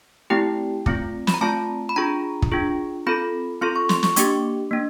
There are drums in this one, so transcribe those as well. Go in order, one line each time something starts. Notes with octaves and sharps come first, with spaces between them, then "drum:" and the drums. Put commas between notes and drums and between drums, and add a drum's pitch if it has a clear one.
A3 C4 E4 G4 G5
A3 C4 F4, drum: kick
B5, drum: snare
A#5
A3 C4 F4 A5
B5
D4 F4 G#4 A#5
drum: kick
D4 F4 G#4
C4 F4 A4 B5
C4 F4 A4 C6
C#6
C6, drum: snare
C#6, drum: snare
A#3 D4 G4 D6, drum: hi-hat
A#3 D4